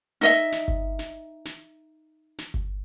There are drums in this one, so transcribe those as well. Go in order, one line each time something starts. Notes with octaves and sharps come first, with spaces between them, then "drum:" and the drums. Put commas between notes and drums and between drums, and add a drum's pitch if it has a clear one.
D#4 D#5 E5
drum: snare
drum: kick G1
drum: snare
drum: snare
drum: snare
drum: kick G1